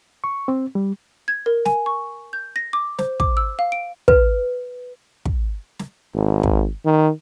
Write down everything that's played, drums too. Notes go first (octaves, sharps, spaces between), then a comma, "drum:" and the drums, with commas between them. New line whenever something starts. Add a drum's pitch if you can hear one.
C#6
C4
G3
G#6
A#4
G#5, drum: snare
C#6
G6
A#6
D6
C5, drum: snare
D6, drum: kick
E6
F5
D7
B4, drum: kick
drum: kick
drum: snare
G#1
drum: kick
D#3